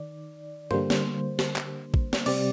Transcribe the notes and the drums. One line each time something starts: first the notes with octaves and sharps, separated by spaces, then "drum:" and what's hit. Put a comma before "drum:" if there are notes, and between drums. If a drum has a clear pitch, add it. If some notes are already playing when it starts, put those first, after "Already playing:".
Already playing: D#3 D5
D3 G3 A#3 C5, drum: tom G2
drum: snare
drum: snare
drum: clap
drum: kick A1
drum: snare
C3 G3 C4 D5, drum: cymbal